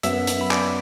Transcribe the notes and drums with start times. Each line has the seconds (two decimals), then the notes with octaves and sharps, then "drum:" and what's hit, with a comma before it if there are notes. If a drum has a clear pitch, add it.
0.03 F#2 F#3 B3 E5 E6, drum: hi-hat
0.27 drum: hi-hat
0.41 B5
0.51 D5 D6, drum: clap